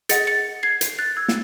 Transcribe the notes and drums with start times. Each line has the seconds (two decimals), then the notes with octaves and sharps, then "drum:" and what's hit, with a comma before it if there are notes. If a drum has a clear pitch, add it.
0.09 G#4 D#5 F#5 A6 C#7, drum: hi-hat
0.27 A6 C#7
0.63 G#6 C7
0.81 drum: hi-hat
0.99 F#6 A6
1.16 E6 G#6
1.28 drum: snare